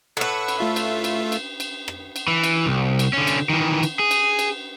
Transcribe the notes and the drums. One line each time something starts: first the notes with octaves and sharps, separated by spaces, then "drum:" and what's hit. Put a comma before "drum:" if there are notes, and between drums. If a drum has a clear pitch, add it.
A2 B4 F#5 C#6 E6
drum: cymbal
A3 F4 E5
drum: cymbal
drum: cymbal
drum: cymbal
drum: cymbal
drum: rim click
drum: cymbal
E3
drum: cymbal
C2
drum: cymbal
D3 C#4
drum: cymbal
D#3 E3
drum: cymbal
G#4
drum: cymbal
drum: cymbal